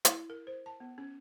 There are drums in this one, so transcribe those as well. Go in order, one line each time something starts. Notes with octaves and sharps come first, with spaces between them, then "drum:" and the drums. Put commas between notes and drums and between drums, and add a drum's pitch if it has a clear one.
E4, drum: hi-hat
A#4
C5
A5
B3
C#4